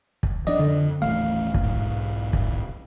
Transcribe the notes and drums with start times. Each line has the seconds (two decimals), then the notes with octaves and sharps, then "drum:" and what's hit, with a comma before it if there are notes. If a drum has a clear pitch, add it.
0.23 drum: kick
0.47 F3 D4 D5 D#5
0.60 F2 D3
1.02 D#1 A1 A3 F5
1.54 drum: kick
1.64 B1 G#2
2.33 drum: kick